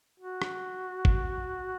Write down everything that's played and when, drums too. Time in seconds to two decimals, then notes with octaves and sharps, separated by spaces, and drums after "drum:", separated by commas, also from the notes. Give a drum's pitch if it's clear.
0.20 F#4
0.42 drum: rim click
1.05 drum: kick